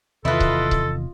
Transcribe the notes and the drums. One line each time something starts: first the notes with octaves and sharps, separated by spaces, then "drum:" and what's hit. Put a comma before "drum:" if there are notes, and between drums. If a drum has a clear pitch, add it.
E2 C3 D#3 E4 F4 A4 B4 D#5
drum: kick C#1
drum: kick C#1